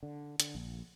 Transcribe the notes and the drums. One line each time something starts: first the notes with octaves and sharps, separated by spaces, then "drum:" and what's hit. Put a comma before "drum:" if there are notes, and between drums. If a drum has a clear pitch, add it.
D3
D3, drum: hi-hat
A#1